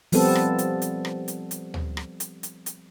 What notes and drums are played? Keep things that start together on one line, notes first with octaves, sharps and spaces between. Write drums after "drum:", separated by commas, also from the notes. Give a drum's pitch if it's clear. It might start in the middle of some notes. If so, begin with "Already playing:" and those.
F3 G3 B3 C4 A4, drum: open hi-hat
drum: rim click
drum: hi-hat
drum: hi-hat
drum: rim click
drum: hi-hat
drum: hi-hat
drum: tom
drum: rim click
drum: hi-hat
drum: hi-hat
drum: hi-hat